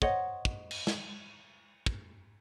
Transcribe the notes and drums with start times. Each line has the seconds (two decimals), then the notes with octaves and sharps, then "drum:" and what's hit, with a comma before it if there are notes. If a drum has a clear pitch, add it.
0.02 C5 C#5 D#5 F#5, drum: kick
0.45 drum: kick
0.71 drum: cymbal
0.87 drum: snare
1.86 drum: kick